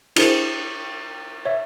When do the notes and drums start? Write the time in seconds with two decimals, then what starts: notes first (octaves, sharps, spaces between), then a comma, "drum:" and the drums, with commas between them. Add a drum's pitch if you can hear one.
0.16 D4 E4 F#4 G#4 A#4 C5, drum: cymbal
1.45 C#5 E5